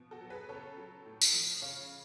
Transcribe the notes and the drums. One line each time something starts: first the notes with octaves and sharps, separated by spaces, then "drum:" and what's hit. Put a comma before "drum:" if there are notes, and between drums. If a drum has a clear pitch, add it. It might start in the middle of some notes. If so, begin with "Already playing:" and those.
Already playing: B2 F3
F#4 A4
F#3
G#4 B4
C#3 A4 C#5
F#3
A2
drum: tambourine
F3
C#3 C#5 F5